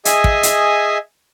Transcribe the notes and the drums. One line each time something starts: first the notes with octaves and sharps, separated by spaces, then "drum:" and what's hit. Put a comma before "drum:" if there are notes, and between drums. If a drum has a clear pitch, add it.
G#4 D#5 E5 G#5 D#6, drum: hi-hat
drum: kick
drum: hi-hat